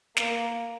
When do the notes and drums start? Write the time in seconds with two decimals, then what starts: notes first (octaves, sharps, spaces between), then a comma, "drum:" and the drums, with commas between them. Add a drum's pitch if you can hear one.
0.17 A#3, drum: snare